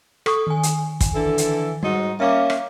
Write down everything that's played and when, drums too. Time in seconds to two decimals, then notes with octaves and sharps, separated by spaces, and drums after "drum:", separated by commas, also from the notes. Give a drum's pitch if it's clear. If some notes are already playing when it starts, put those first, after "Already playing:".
0.26 A4 C#6 D#6, drum: rim click
0.47 D#3 G#5
0.63 drum: hi-hat
1.01 drum: kick, hi-hat
1.14 D3 E3 A4
1.38 drum: hi-hat
1.83 G#2 G3 D#4 F#4
2.20 A#3 C#4 E5 F5 D6
2.50 drum: rim click